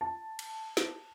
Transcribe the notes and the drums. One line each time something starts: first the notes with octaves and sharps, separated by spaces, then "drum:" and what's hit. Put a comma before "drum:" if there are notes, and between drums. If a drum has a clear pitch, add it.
A5
drum: cymbal
drum: snare